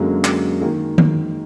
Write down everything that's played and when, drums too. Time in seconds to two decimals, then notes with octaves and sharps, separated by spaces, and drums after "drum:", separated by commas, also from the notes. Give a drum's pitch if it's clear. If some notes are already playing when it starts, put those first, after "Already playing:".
Already playing: F#2 D3 F#3 G#3 A#3
0.24 drum: clap
0.61 D#3 F#3 G#3 A#3
0.98 drum: tom D#3